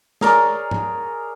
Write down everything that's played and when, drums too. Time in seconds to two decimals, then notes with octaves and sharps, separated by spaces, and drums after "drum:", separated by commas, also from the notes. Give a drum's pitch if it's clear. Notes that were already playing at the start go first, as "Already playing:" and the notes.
0.21 G#4 A#4 C#5 D5, drum: snare
0.71 drum: tom G2